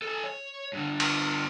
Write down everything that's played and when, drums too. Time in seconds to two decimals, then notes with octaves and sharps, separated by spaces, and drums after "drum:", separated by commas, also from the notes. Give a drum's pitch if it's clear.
0.02 A4 G#5
0.24 C#5
0.73 G2 D3
1.00 drum: cymbal